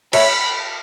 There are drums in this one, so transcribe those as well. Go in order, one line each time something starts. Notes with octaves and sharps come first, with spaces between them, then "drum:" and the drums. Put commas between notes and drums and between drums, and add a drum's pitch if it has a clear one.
C#5 E5 B5, drum: cymbal